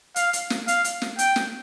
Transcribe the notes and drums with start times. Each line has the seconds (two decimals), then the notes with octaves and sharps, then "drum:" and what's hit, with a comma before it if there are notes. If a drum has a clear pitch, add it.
0.16 F5, drum: hi-hat
0.33 drum: hi-hat
0.50 drum: snare
0.68 F5, drum: hi-hat
0.84 drum: hi-hat
1.02 drum: snare
1.19 G5, drum: hi-hat
1.36 drum: snare